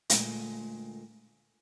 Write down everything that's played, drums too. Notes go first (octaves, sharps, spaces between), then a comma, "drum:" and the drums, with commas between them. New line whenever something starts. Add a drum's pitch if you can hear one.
D2 A#2 G#3 A3 G5 G#5, drum: hi-hat